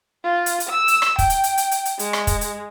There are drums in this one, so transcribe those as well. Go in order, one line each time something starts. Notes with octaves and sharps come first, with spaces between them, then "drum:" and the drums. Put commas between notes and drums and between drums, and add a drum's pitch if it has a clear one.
F4
drum: hi-hat
drum: hi-hat
E6
drum: hi-hat
drum: rim click
G5, drum: kick, hi-hat
drum: hi-hat
drum: hi-hat
drum: hi-hat
drum: hi-hat
drum: hi-hat
G#3, drum: hi-hat
drum: rim click
drum: kick, hi-hat
drum: hi-hat